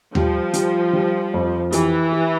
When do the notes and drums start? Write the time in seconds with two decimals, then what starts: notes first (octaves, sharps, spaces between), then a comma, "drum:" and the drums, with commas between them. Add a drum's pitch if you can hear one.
0.15 F3 G3, drum: tom D#2
0.54 G3, drum: hi-hat
0.93 G3
1.34 F2
1.72 E3 G4, drum: hi-hat
2.12 G4